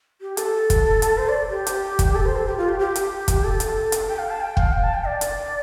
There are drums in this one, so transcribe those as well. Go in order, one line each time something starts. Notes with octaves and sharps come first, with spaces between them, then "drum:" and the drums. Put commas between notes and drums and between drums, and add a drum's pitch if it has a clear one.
G4
A4, drum: hi-hat
drum: kick, hi-hat
drum: hi-hat
C5
D5
G4
drum: hi-hat
drum: kick, hi-hat
A4
C5
A4
G4
F4
G4
G4
drum: hi-hat
drum: kick, hi-hat
A4
drum: hi-hat
drum: hi-hat
G5
F5
A5
G5
F5, drum: kick
G5
A5
G5
D5
drum: hi-hat